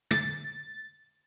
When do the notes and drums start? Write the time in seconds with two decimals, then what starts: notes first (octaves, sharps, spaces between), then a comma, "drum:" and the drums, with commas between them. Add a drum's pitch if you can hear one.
0.11 A6, drum: tom